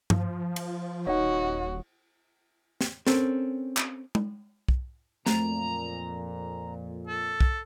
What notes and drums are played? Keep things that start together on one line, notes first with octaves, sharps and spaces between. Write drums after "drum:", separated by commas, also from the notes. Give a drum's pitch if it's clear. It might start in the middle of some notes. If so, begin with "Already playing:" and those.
F3, drum: tom G2
drum: cymbal
D#1 D#4 F#4 C#5 F#5
drum: snare
C4 C#4 A4 A#4, drum: snare
drum: clap
drum: tom G#3
drum: kick
F2 A#2 F#3 A3 C4 A#5, drum: snare
A4
drum: kick